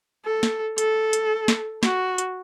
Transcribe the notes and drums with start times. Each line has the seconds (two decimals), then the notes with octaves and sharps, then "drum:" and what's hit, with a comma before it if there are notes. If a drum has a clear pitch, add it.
0.25 A4
0.43 drum: snare
0.78 A4, drum: hi-hat
1.13 drum: hi-hat
1.48 drum: snare
1.83 F#4, drum: snare
2.18 drum: hi-hat